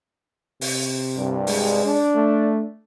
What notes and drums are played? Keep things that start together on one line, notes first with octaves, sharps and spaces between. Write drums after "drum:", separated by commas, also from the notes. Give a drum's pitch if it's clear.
C3, drum: open hi-hat
C2 G2
G#3, drum: open hi-hat
D4
A3